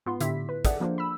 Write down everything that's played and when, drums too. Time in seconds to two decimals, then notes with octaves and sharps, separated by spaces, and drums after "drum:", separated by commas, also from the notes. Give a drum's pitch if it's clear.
0.06 G#2 B3 F4 C6
0.21 A2 D3 E4 G4 E5 B6, drum: hi-hat
0.49 B4
0.65 G#4 A4 D5 E5 F#5, drum: kick, hi-hat
0.80 F3 A#3 D4 F4 C5
0.98 B5 E6